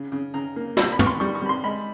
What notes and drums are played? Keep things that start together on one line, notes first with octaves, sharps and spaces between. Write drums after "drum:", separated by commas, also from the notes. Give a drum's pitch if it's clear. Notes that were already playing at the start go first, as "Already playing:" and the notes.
Already playing: C#3
C#3
C#3 A#5
A#3
G3 B5, drum: snare
B5
B3 C#6, drum: tom
C6
G3 C#6
C#6
G3 B5
C6
G#3 B5